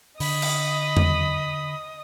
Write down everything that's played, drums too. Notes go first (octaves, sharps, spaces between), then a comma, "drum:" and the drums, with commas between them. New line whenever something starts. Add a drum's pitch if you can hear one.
D3 D#5 B5 D#6, drum: open hi-hat
drum: cymbal
drum: tom E2